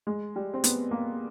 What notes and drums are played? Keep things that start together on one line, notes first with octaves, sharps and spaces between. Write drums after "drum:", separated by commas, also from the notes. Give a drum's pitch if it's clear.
G#3
G3
C4
B3, drum: hi-hat
A#3